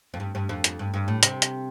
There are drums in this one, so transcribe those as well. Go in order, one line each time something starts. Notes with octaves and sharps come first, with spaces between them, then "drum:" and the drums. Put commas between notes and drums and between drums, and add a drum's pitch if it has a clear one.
F2
G2
G2
F2
F2, drum: hi-hat
G2
G2
A2
C3, drum: hi-hat
drum: hi-hat